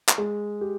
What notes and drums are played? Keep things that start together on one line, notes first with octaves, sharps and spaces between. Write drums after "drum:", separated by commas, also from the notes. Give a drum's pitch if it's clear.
drum: clap
G#3
G4